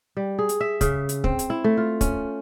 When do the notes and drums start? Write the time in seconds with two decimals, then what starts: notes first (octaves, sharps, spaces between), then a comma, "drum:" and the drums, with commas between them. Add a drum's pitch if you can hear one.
0.17 G3
0.39 G#4
0.49 drum: hi-hat
0.60 E5
0.81 C#3, drum: kick, hi-hat
1.09 drum: hi-hat
1.24 C4, drum: kick
1.39 drum: hi-hat
1.50 E4
1.64 A3
1.77 F4
2.01 C#4, drum: kick, hi-hat